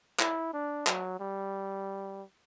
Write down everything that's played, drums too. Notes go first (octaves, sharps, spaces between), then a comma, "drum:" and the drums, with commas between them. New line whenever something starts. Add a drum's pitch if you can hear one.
E4, drum: clap
D4
F#3, drum: clap
G3